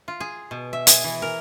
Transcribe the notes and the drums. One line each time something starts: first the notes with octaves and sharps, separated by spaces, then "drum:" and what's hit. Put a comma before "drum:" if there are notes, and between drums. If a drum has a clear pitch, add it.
F4
G#4
B2
E5
G#4, drum: hi-hat
E3
A#4